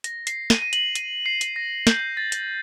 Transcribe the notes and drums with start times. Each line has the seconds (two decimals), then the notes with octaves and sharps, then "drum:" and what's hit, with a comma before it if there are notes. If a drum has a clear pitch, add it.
0.04 A#6, drum: hi-hat
0.27 C7, drum: hi-hat
0.50 D#7, drum: snare
0.62 D#7
0.73 F#7, drum: hi-hat
0.95 D#7, drum: hi-hat
1.26 C7
1.41 drum: hi-hat
1.56 A#6
1.87 G6, drum: snare
2.17 A6
2.32 drum: hi-hat